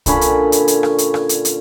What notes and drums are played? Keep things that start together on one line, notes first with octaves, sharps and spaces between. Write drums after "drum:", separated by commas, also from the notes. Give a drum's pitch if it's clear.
A#2 D3 C#4 B5, drum: kick, hi-hat
drum: hi-hat
drum: hi-hat
drum: hi-hat
drum: rim click
drum: hi-hat
drum: rim click
drum: hi-hat
drum: hi-hat